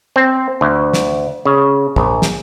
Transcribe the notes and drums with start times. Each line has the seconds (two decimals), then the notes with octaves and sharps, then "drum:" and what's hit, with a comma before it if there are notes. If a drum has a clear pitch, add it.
0.16 C4
0.61 D2
0.94 drum: snare
1.45 C#3
1.96 A#1, drum: kick
2.22 drum: snare